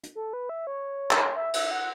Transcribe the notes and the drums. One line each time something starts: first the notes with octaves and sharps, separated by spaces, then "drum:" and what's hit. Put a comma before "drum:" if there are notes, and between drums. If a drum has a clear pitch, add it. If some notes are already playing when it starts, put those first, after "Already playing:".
drum: hi-hat
A4
B4
E5
C#5
drum: clap
E5
E5, drum: cymbal
F#5